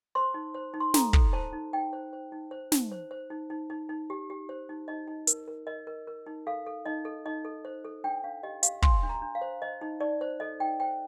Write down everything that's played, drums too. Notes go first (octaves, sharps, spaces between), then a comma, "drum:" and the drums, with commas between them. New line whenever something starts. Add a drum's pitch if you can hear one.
C5 C6
D#4
C5
D#4
C6
A4 A#5, drum: snare
A4, drum: kick
C5 A5
D#4
D#4 G5
C5
C5
D#4
C5
D#4, drum: snare
C5
C5
D#4
D#4
D#4
D#4
G4
G4
C5
D#4
D#4 D#5
D#4
A#4, drum: hi-hat
A#4
A#4 D#5
A#4
A#4
D#4
A4 F5
A4
D#4 D#5
A4
D#4 D#5
A4
C5
A4
D4 G5
D4 F5
G4 D#5
G4 F5, drum: hi-hat
D4 C6, drum: kick
D4
A#5
D4
F5
C5
C5 D#5
D#4
D#4 D5
C5
A4 D#5
D#4 G5
C5 G5